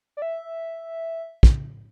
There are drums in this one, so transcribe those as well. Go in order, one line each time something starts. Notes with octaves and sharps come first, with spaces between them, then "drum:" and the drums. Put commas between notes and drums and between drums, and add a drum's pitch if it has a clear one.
D5
E5
drum: kick